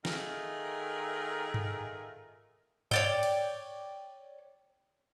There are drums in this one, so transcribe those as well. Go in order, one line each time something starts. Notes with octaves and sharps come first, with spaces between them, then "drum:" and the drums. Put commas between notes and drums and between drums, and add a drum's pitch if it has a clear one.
D#3 A3 F4 G#4 A#4, drum: snare
drum: tom G2
C#5 D5 G5, drum: tom G2
drum: cymbal